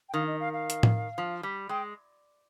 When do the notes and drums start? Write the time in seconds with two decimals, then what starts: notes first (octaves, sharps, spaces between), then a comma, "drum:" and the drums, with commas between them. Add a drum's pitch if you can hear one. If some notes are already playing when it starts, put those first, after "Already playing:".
0.09 G5
0.14 D#3 F5
0.27 D#5
0.40 F5
0.53 F5
0.70 drum: hi-hat
0.83 drum: tom A2
1.18 F3
1.43 G3
1.69 G#3 G5